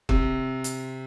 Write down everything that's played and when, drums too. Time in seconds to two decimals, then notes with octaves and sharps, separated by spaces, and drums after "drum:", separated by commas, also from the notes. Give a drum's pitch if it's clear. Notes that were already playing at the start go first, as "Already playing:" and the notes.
0.09 C3, drum: kick
0.64 drum: hi-hat